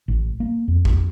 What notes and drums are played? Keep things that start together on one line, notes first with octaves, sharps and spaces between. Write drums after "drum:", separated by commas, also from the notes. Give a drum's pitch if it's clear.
A1
A#3
F2
drum: kick